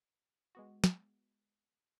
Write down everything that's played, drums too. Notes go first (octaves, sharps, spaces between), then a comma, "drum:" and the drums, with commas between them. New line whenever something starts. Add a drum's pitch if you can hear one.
G#3 B3 F#4
drum: snare